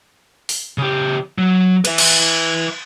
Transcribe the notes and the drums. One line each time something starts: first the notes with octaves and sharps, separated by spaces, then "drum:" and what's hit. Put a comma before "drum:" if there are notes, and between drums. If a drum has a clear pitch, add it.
drum: open hi-hat
C#3 G4
F#3
B4 E5, drum: cymbal
drum: cymbal